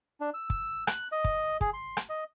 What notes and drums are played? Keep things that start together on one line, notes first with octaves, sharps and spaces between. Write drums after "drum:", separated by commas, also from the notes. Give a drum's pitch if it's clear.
D4
E6
E6, drum: kick
F#6, drum: rim click
D#5
drum: kick
G#4, drum: kick
C6
drum: rim click
D#5